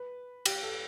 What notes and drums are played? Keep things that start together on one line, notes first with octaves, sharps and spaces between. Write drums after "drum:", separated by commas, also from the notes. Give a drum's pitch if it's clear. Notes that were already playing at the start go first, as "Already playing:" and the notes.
Already playing: B4
G4, drum: cymbal
A4